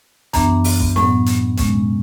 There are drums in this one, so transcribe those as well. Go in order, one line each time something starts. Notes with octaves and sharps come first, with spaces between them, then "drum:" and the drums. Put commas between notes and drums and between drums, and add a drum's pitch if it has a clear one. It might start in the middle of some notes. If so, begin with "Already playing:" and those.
F#2 E3 B3 D4, drum: kick, hi-hat
drum: open hi-hat
drum: kick
A2 F#3 B3, drum: snare
drum: hi-hat
B2 G#3 C#4, drum: kick, hi-hat